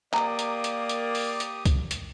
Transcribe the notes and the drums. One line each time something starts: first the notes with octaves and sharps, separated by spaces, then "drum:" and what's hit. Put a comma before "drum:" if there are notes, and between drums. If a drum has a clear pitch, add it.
A#3 G4 D5 F5 A#5 D#6, drum: clap
drum: hi-hat
drum: hi-hat
drum: hi-hat
drum: open hi-hat
drum: hi-hat
drum: kick, hi-hat
drum: hi-hat